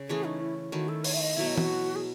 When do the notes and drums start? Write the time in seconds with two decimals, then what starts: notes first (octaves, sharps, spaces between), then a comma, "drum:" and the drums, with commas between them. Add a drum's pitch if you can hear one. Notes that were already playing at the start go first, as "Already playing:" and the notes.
Already playing: C#3
0.09 E3 A3 C#4 G#4
0.24 D#4
0.41 E4
0.72 D#3 A3 E4 F#4
0.89 A4
1.04 C#5, drum: open hi-hat
1.14 E5
1.21 D#5
1.36 B2 F#3 A3 E4 E5
1.47 D#5
1.57 F#4, drum: tom E3
1.96 G#4